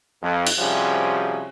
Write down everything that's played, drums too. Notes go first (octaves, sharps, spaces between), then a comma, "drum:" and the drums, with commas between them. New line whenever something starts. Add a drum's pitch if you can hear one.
F2
drum: cymbal
C3 F3 G3 C#4 F#4 G#4